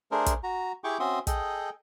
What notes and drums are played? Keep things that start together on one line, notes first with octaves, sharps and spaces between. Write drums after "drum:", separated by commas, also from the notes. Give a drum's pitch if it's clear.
A3 D4 G#4 A#4 C5
drum: kick, hi-hat
F#4 A#5
E4 G4 G#4 G5 C#6 D6
C4 C#4 F#4 E5 C6 D#6
G#4 A4 D#5 G5, drum: kick, hi-hat